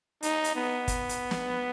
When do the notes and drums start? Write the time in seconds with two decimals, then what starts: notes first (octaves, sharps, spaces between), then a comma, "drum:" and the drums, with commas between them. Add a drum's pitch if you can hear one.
0.23 D#4, drum: hi-hat
0.44 drum: hi-hat
0.55 B3
0.88 drum: kick, hi-hat
1.09 drum: hi-hat
1.31 drum: snare